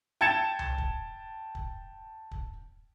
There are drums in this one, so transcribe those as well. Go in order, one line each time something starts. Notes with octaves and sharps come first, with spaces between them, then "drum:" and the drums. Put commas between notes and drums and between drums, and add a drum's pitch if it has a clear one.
G5 A5 G#6 A6 C#7 E7
drum: tom C2
drum: kick
drum: kick
drum: kick